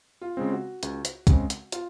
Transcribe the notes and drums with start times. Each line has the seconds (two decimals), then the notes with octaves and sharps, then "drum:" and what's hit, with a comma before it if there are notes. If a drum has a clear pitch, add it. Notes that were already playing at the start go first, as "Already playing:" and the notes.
0.21 F4
0.37 C#3 G#3 C4
0.52 F#4
0.83 C#2, drum: hi-hat
1.05 drum: hi-hat
1.27 C#3 G#3 C4, drum: kick, hi-hat
1.50 drum: hi-hat
1.72 F4, drum: hi-hat